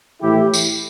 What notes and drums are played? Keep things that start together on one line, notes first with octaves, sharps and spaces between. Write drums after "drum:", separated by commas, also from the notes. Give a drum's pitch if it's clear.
A2 E3 E4 G4
drum: tambourine